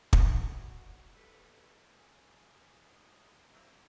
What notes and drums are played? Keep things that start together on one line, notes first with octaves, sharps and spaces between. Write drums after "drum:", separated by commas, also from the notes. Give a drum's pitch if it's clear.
F#4 C#6, drum: kick
G3 A4 B4
G#4
D#4
A#3 C4 E5